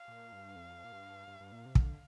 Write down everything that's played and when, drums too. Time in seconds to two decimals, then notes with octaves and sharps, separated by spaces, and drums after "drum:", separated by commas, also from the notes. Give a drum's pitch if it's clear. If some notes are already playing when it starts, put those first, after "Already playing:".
Already playing: F5
0.08 A#2
0.32 G2
0.56 F2
0.84 A#2
0.92 G2
1.28 G2
1.41 G2
1.52 A#2
1.66 C3
1.75 D3, drum: kick